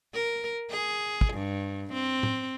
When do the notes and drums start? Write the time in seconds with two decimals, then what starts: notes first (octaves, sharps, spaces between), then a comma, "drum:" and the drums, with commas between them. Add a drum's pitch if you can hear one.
0.14 A#4
0.71 G#4
1.21 drum: kick
1.34 G2
1.93 C4
2.23 drum: tom A2